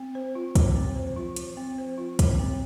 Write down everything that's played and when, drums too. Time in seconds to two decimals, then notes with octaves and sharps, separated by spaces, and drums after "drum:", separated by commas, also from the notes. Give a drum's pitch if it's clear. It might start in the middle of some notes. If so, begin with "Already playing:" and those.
Already playing: C4
0.15 C5
0.35 F4
0.55 F3, drum: kick, hi-hat
0.75 C4
0.96 C5
1.16 F4
1.36 F3, drum: hi-hat
1.57 C4
1.78 C5
1.98 F4
2.19 F3, drum: kick, hi-hat
2.39 C4